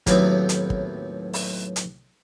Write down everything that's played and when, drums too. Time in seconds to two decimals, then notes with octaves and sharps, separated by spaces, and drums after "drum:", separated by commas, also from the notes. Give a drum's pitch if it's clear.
0.07 D#2 A2 F#3 B3 C4, drum: kick, hi-hat
0.49 drum: hi-hat
0.70 drum: kick
1.33 drum: open hi-hat
1.76 drum: hi-hat